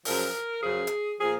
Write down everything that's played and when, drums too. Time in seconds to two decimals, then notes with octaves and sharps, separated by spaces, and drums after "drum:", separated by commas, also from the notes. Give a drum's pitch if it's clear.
0.05 F#2 C#3 F3 A#4, drum: open hi-hat
0.63 F#2 C#3 F3 G#4
0.87 drum: hi-hat
1.20 A#2 F3 G#4